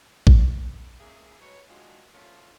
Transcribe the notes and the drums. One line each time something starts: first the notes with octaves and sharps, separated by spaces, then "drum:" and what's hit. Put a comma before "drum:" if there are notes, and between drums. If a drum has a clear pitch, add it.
drum: kick A1
G#3 A#3 C#4 G#4 E5
F#3 G#3 B4 C#5
D#3 G#3 D4 F4 F#4 G#4
A#2 F3 A3 C#4 F4 F#4